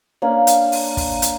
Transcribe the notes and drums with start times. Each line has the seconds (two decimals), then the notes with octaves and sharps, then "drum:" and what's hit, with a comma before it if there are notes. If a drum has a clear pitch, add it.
0.22 A#3 C#4 D4 D5
0.47 drum: hi-hat
0.72 drum: open hi-hat
0.97 drum: kick, open hi-hat
1.22 drum: hi-hat